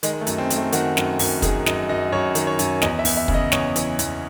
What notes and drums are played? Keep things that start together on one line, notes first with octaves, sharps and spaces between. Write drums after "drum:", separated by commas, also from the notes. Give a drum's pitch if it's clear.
D#3 G#3, drum: hi-hat
G#3
A3
F#2, drum: hi-hat
C4
D#3, drum: hi-hat
A3
D#3 F#4, drum: hi-hat
F#2, drum: snare
F#2, drum: open hi-hat
D#3 G#4, drum: kick, hi-hat
F#2 D#5, drum: snare
F#2 D#5
F#2 C#5
D#3, drum: hi-hat
C#5
F#2, drum: hi-hat
E2 D#5, drum: snare
E5
E2, drum: open hi-hat
E5
C#3, drum: kick
D#5
E2 C#5, drum: snare
E3, drum: hi-hat
E2, drum: hi-hat